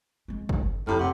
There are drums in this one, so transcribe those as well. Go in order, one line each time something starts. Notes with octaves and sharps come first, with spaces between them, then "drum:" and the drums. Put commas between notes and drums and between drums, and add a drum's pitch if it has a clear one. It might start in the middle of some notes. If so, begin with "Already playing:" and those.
G#3 C4
D3, drum: kick
F2 A2 E4 G4 A#5 F6
C3 F#5